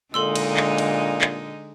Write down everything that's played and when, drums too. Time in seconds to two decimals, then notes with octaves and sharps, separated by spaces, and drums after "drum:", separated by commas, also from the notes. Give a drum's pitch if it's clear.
0.14 A#2 D3 G#3 D#4 A4 C6 E6
0.35 drum: cymbal
0.57 drum: clap
0.78 drum: cymbal
1.21 drum: clap